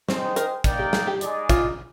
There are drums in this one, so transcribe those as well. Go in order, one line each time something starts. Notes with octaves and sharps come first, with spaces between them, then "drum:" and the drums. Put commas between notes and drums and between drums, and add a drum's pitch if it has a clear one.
C4 D#4 G#4 C5 G5, drum: snare
A#4, drum: hi-hat
A#3 D#4 A#4 D5 G5, drum: kick, hi-hat
G4
G#4, drum: snare
G4
G#3 D#4 G#4 D5, drum: hi-hat
F4, drum: kick, hi-hat